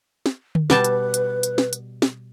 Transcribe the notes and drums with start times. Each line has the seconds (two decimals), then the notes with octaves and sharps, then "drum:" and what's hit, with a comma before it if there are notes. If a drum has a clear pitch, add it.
0.26 drum: snare
0.55 drum: tom D3
0.70 B2 G3 B4 A5, drum: snare
0.84 drum: hi-hat
1.14 drum: hi-hat
1.43 drum: hi-hat
1.58 drum: snare
1.73 drum: hi-hat
2.02 drum: snare